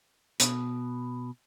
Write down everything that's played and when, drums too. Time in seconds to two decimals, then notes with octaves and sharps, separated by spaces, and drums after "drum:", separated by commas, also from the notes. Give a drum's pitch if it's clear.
0.40 B2, drum: hi-hat